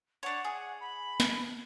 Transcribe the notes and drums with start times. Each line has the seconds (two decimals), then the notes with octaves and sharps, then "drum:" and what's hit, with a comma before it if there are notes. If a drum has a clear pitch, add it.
0.23 D4 C#5 F#5
0.44 G#4
0.80 B5
1.20 drum: snare